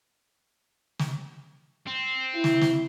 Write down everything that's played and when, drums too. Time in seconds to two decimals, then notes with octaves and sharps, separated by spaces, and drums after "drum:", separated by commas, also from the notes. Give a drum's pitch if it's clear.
0.99 drum: snare
1.87 C4
2.34 E4
2.44 drum: snare
2.61 drum: snare